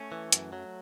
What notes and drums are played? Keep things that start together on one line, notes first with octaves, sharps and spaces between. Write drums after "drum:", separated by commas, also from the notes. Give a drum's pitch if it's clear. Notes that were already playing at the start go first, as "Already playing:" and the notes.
Already playing: A3 C#4
E3
F#2 A3, drum: hi-hat
F#3